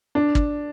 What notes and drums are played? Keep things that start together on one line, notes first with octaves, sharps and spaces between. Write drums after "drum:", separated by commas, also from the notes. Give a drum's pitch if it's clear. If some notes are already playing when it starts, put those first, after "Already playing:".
D4
drum: kick